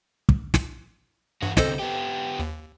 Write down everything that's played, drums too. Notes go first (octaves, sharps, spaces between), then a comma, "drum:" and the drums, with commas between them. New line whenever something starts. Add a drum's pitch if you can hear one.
drum: kick
drum: snare
E2 G2 F#4
D2 C3 A4 C5 D#5, drum: snare
B3 G4
D#2